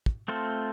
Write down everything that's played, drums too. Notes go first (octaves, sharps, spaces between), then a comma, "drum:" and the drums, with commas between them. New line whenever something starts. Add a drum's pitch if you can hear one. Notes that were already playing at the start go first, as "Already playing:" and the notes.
drum: kick
A3 C4 F4 A4 C5